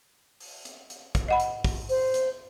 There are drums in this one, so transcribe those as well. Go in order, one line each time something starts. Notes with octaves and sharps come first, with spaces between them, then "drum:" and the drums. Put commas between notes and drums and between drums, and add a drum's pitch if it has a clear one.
drum: open hi-hat
drum: hi-hat
drum: hi-hat
drum: kick, hi-hat
D#5 F#5 B5
drum: hi-hat
drum: kick, open hi-hat
C5, drum: open hi-hat
drum: hi-hat